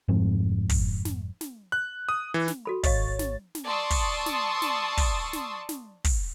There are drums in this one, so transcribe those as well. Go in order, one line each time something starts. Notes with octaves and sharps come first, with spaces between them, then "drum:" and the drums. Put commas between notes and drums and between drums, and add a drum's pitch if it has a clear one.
F1 G#2 F3 C4
drum: kick, open hi-hat
drum: snare
drum: snare
F#6
D#6
E3
drum: snare
F#4 A4 B5
G#1 C#5 D#5 F5 A6, drum: kick, open hi-hat
drum: snare
drum: snare
D5 A5 C6 C#6 D#6 E6
drum: kick, open hi-hat
drum: snare
drum: snare
drum: kick, open hi-hat
drum: snare
drum: snare
drum: kick, open hi-hat